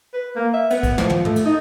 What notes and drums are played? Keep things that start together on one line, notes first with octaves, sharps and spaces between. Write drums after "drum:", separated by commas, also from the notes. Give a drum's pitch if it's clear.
B4
A#3
E5
B3, drum: cymbal
drum: kick, cymbal
F3, drum: snare
drum: tom
A3, drum: tom
drum: cymbal
D#4